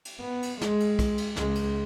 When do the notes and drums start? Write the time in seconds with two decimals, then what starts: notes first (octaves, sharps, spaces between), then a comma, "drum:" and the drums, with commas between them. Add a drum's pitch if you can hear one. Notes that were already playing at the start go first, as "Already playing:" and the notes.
0.05 drum: cymbal
0.20 B3
0.43 drum: cymbal
0.61 G#3, drum: snare
0.80 drum: cymbal
0.99 drum: kick B1, cymbal
1.18 drum: cymbal
1.36 C#2 G#3, drum: snare
1.55 drum: cymbal